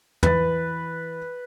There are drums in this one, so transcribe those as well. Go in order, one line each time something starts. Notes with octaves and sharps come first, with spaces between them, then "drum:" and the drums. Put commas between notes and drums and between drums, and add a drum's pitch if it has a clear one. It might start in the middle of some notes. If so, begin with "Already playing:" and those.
E3 B4 A6, drum: tom